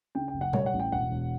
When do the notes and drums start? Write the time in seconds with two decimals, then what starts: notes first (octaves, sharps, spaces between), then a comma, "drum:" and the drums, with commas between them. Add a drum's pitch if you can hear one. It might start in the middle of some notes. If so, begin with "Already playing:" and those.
0.15 C#3 G5
0.28 G5
0.34 F#1
0.41 F#5
0.53 G3 C#5, drum: tom B2
0.66 F#5
0.73 A1
0.80 G5
0.92 E1 F#5
1.11 E1